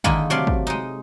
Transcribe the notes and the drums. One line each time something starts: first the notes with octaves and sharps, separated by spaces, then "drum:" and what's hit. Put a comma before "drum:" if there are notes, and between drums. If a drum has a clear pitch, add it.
D3 D#3 G#3 A#3 D#4 E4, drum: kick
C3 F#3 A3 D5 F5 C6
drum: kick
G#3 D#4